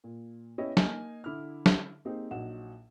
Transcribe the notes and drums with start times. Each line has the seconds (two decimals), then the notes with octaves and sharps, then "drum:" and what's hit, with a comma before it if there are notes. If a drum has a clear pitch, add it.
0.04 A#2
0.58 B3 C#4 E4 G4 C#5 D#5
0.77 A#3 D#4 D#5 G#5 F6, drum: snare
1.24 D3 E4 D6 F6
1.66 drum: snare
2.05 A#3 C4 D#4 G4 G#4
2.31 A#1 F#3 D#4 F#5 E7